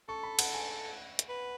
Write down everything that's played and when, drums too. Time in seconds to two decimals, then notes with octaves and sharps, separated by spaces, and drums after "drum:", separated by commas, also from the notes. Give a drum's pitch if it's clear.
0.09 A4 C#6
0.23 B5
0.39 F#5, drum: cymbal
0.54 G#5
1.19 drum: hi-hat
1.29 B4